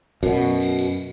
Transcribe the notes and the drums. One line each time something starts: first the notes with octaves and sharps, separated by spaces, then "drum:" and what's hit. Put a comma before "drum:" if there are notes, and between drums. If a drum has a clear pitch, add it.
F#2 B2, drum: tambourine
drum: tambourine
drum: tambourine
drum: tambourine